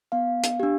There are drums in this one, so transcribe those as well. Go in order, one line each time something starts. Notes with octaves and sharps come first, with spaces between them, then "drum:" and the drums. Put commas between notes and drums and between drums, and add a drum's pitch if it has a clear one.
B3 F5
drum: hi-hat
D4 G4